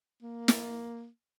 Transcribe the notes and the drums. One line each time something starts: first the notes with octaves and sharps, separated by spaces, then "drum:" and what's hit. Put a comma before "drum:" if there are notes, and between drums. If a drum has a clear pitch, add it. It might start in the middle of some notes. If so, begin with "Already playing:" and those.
A#3
drum: snare